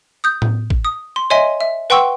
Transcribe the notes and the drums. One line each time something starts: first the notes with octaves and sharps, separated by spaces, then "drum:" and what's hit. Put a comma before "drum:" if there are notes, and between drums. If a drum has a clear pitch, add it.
D#6 G6
drum: tom A2
drum: kick
D#6
C6
C#5 D#5 E5 G#5 C6
E5
B4 F#5 G5 C6 C#6 E6